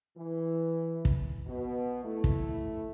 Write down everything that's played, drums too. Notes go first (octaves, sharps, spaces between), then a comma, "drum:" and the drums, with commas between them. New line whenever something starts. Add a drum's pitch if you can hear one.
E3
drum: kick
B2
A3 E4
drum: kick